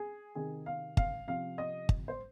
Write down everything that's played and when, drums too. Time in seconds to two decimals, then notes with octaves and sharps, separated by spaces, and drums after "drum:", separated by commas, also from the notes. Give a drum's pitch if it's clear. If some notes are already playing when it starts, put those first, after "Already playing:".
Already playing: G#4
0.35 C3 D#3 G#4
0.66 F5
0.97 F5, drum: kick
1.27 C3 F3 F5
1.58 D#5
1.89 drum: kick
2.08 C5